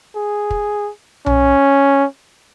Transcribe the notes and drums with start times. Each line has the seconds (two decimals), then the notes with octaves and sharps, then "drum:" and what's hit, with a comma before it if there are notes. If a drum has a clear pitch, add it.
0.15 G#4
0.50 drum: kick
1.26 C#4, drum: tom B1